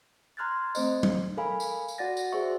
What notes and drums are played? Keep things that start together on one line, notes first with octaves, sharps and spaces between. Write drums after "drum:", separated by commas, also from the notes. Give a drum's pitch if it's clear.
A#5 C6 F6 F#6 G#6 A6
A3 C4 C5 D#5, drum: tambourine
drum: tom F#3
A4 A#4 F5 G#5 B5
drum: tambourine
drum: tambourine
F#4 D5 F#5 A6 A#6
drum: tambourine
F#4 G#4 C5 E5 C#6